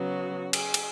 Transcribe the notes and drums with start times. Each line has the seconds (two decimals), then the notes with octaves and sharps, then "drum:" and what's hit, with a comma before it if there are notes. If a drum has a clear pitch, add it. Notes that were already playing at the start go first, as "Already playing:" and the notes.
Already playing: C#3 F#3 B3 F#4
0.53 G#4, drum: cymbal
0.74 drum: cymbal